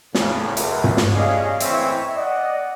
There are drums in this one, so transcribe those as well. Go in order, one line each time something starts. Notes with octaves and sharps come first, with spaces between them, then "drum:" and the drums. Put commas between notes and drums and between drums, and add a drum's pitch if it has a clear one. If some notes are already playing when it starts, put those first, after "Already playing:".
E2 A2 C#3, drum: snare
C#2 F#2, drum: hi-hat
drum: tom
drum: snare
G2 C#4 G#4 D5 D#5 F5
F#1 A2 E3 C4 C#5 E5, drum: hi-hat
D5 D#5 F#5